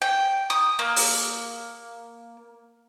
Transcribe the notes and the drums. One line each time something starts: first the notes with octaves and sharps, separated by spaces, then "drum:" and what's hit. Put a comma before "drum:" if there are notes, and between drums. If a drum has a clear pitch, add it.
G5
D#6
A#3
drum: open hi-hat